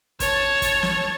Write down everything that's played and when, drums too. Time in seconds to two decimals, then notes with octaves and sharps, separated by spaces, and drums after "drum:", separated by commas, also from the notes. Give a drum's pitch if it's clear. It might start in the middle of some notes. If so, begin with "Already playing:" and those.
0.20 C#5 A5, drum: kick, hi-hat
0.62 drum: kick, hi-hat
0.83 drum: snare